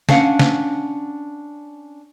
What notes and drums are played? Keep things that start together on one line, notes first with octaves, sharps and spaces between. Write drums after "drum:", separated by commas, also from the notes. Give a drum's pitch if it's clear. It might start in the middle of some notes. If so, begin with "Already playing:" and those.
C#4 D4 C#5 F5 F#5, drum: snare
drum: snare